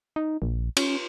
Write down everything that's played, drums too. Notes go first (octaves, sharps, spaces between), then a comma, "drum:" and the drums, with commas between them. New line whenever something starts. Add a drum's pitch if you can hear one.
D#4
A#1
C#4, drum: cymbal